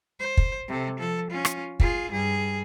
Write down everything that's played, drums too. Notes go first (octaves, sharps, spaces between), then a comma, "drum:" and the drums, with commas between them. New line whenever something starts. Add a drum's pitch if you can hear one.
C5
drum: kick
C3 A4
F3 A4
C#4 F4
drum: rim click
F4 G#4, drum: kick
G2 G#4